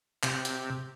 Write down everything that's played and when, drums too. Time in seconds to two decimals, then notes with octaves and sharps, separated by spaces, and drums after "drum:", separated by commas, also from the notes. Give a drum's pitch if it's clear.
0.23 C3, drum: clap
0.45 drum: hi-hat